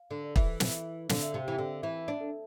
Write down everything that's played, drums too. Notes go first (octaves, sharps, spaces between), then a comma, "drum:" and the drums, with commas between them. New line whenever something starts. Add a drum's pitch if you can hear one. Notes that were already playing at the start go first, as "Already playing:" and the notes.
Already playing: F5
D3
D5
E3 E5, drum: kick
drum: snare
D3 F5, drum: snare
E5
C3 F5
E3
D3
E3 E5
D4
A4